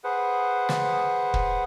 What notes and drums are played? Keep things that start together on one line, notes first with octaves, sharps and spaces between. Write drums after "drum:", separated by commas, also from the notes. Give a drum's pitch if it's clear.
G#4 B4 C5 F#5
drum: snare
drum: kick